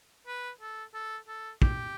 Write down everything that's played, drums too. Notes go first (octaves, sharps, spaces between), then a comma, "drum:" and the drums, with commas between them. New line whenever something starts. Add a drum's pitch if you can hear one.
B4
A4
A4
A4
G4, drum: kick